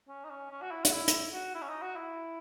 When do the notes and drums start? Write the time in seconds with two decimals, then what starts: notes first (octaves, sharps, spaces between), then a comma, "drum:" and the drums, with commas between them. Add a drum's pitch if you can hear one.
0.08 C#4
0.24 D#4
0.30 C#4
0.51 C#4
0.62 F#4
0.71 E4
0.85 F#4, drum: hi-hat
0.93 E4
1.08 drum: hi-hat
1.33 F#4
1.55 E4
1.62 C#4
1.69 D#4
1.82 F#4
1.96 E4